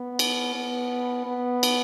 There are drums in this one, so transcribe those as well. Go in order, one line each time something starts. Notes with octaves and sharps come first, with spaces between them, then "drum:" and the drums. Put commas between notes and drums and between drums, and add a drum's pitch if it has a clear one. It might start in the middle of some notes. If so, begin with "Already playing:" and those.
Already playing: B3
drum: cymbal
B3
B3
drum: cymbal